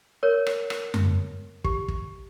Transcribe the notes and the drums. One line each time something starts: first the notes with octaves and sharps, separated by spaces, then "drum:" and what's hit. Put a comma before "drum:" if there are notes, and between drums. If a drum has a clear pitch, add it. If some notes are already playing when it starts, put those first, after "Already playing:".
A#4 C#5
drum: rim click
drum: rim click
drum: tom F#2
G4, drum: kick
drum: kick